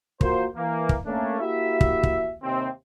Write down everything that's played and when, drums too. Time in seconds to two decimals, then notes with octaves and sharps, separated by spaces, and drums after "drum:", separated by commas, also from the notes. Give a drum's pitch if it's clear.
0.21 A#3 F4 F#4 A#4 C5, drum: kick
0.56 E3 A#3
0.89 drum: kick
1.06 A3 A#3 C#4 D4
1.40 A#3 E4 F#4 G4 E5
1.81 drum: kick
2.03 drum: kick
2.43 D#2 C3 C4